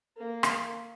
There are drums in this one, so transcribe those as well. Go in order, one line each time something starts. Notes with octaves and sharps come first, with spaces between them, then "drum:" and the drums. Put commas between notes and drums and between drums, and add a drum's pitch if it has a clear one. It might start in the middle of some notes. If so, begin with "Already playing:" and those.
A#3
drum: rim click